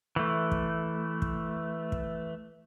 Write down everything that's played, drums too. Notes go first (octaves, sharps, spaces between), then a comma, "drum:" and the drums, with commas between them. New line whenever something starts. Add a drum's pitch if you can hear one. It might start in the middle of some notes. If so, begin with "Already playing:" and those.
E3 A3
drum: kick
drum: kick
drum: kick